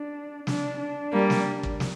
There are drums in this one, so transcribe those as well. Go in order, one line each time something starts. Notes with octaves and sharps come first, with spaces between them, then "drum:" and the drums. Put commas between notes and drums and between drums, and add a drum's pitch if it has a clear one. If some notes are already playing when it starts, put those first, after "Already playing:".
Already playing: D4
D4, drum: snare
D4
G3 A#3
drum: snare
drum: kick
drum: snare